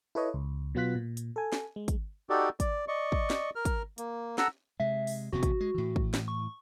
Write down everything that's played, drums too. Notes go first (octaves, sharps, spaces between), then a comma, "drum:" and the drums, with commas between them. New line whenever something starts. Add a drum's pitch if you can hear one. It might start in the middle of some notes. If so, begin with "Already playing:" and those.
E4 A4 B4 C#5 D#5
C#2
B2 F#3 B3 F4 F#6 B6
A#2
drum: hi-hat
A4 G#5
drum: snare
G#3
drum: kick, hi-hat
D#4 F#4 G4 A4 D5
D5, drum: kick, hi-hat
D5 D#5 C#6
drum: kick
drum: snare
A#4 F6
drum: kick, hi-hat
A#3, drum: hi-hat
A4 F#5 A#5 E6, drum: snare
C3 G#3 E5
drum: open hi-hat
E1 C3 B3 F#4
drum: kick, hi-hat
G#3
A2 E3
drum: kick
drum: snare
C#6